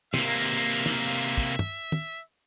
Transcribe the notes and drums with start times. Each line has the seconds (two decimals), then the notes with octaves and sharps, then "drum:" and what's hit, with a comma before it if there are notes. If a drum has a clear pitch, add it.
0.14 C3 A#3 E5, drum: snare
0.86 drum: snare
1.37 drum: kick
1.59 drum: tom
1.92 drum: tom